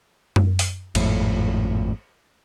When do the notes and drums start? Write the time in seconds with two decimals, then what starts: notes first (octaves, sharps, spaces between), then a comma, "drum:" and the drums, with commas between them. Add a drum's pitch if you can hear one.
0.36 drum: tom F#2
0.59 drum: open hi-hat
0.95 G#1 F2 A2, drum: cymbal